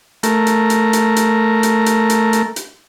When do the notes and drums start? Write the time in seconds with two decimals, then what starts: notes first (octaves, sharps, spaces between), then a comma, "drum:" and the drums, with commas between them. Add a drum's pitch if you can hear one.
0.23 A3 A#4, drum: hi-hat
0.47 drum: hi-hat
0.70 drum: hi-hat
0.93 drum: hi-hat
1.16 drum: hi-hat
1.63 drum: hi-hat
1.86 drum: hi-hat
2.10 drum: hi-hat
2.33 drum: hi-hat
2.56 drum: hi-hat